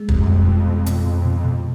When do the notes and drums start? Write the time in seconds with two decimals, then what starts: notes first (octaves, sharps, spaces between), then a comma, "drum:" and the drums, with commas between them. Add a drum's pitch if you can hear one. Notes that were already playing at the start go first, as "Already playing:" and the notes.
Already playing: G#3
0.09 F2 G3, drum: kick
0.18 F#2
0.28 F2 B2
0.47 B2
0.67 B2
0.86 B2, drum: hi-hat
1.05 B2
1.25 B2
1.44 B2